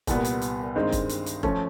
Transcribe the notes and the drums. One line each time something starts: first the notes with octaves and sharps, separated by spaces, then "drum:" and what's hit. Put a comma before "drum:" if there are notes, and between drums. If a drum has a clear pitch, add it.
C2 A#2 G3 B3, drum: kick F1, hi-hat
drum: hi-hat
drum: hi-hat
G2 D#3 G#3 C4 D#4
drum: kick F1, hi-hat
drum: hi-hat
drum: hi-hat
F3 A3 C#4, drum: kick F1